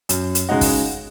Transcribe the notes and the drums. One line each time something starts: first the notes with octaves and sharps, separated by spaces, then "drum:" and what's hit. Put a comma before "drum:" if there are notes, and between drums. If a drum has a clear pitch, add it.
F#2, drum: hi-hat
drum: hi-hat
C#3 G#3 D#4 F#4
drum: kick, open hi-hat